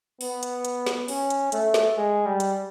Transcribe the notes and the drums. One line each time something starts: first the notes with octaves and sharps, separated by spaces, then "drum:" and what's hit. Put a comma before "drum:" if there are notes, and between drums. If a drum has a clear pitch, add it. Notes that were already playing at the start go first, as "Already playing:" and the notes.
B3, drum: open hi-hat
drum: hi-hat
drum: hi-hat
drum: snare
C#4, drum: open hi-hat
drum: hi-hat
A3, drum: hi-hat
drum: snare
G#3
G3
drum: hi-hat